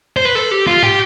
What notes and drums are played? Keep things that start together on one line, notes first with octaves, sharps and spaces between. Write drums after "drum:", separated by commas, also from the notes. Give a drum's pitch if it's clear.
C5
B4
A4
G4
F4
G4, drum: tom